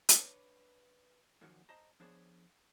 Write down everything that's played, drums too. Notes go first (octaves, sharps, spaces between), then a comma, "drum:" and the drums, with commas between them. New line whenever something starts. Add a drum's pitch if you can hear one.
drum: hi-hat
D4 B4 C#5
F#2 A#2 D#3 F3 F#3
C5 D#5 A5 A#5
F3 B3 D4 G#4 C5 C#5